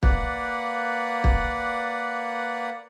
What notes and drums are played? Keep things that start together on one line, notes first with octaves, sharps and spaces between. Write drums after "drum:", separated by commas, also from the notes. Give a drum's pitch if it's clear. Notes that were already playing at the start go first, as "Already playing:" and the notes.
A#3 B4 D5 F#5, drum: kick
drum: kick